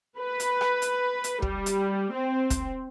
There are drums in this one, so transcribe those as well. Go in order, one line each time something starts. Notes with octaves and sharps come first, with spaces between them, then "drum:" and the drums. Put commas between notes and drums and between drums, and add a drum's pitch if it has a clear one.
B4
drum: hi-hat
drum: rim click
drum: hi-hat
drum: hi-hat
G3, drum: kick
drum: hi-hat
C4
drum: kick, hi-hat